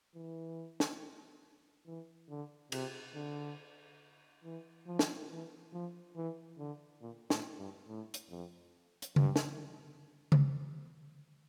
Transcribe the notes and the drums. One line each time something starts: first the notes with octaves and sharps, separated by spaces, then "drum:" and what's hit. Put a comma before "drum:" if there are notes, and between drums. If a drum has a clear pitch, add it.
E3
drum: snare
E3
D3
C3, drum: cymbal
D3
E3
F3
drum: snare
E3
F3
E3
D3
A#2
A2, drum: snare
G2
A2
drum: hi-hat
F2
drum: hi-hat
G2, drum: tom C#3
drum: snare
drum: tom C#3